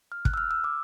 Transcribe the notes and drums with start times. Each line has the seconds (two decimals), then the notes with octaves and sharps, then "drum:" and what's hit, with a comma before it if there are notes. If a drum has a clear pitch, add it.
0.12 F6
0.25 F#6, drum: kick
0.34 E6
0.37 F6
0.51 E6
0.64 D6